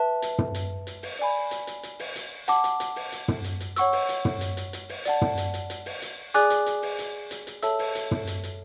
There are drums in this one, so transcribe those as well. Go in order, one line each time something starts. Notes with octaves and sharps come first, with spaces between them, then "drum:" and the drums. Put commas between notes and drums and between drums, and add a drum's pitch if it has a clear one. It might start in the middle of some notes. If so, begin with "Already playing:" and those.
Already playing: B4 E5 A5
drum: hi-hat
drum: tom
drum: hi-hat
drum: hi-hat
drum: open hi-hat
D5 G#5 B5
drum: hi-hat
drum: hi-hat
drum: hi-hat
drum: open hi-hat
drum: hi-hat
F#5 A5 D6, drum: hi-hat
drum: hi-hat
drum: hi-hat
drum: open hi-hat
drum: hi-hat
drum: tom
drum: hi-hat
drum: hi-hat
C#5 F#5 C#6 E6, drum: hi-hat
drum: open hi-hat
drum: hi-hat
drum: tom
drum: hi-hat
drum: hi-hat
drum: hi-hat
drum: open hi-hat
D5 F#5 A5, drum: hi-hat
drum: tom
drum: hi-hat
drum: hi-hat
drum: hi-hat
drum: open hi-hat
drum: hi-hat
G#4 D5 G#5 D6 F#6, drum: hi-hat
drum: hi-hat
drum: hi-hat
drum: open hi-hat
drum: hi-hat
drum: hi-hat
drum: hi-hat
A4 C#5 E5 A5 E6, drum: hi-hat
drum: open hi-hat
drum: hi-hat
drum: tom
drum: hi-hat
drum: hi-hat